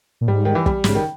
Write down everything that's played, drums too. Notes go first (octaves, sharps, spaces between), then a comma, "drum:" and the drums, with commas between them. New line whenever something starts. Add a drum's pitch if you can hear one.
A#2
G#2 G3
D#3
E3
G3, drum: kick
G#2 C#3, drum: snare
D#3